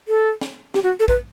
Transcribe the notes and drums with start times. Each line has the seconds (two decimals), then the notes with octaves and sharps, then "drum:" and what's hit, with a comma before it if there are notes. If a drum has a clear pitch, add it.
0.08 A4
0.41 drum: snare
0.74 G4, drum: snare
0.83 F#4
1.00 A4
1.08 B4, drum: kick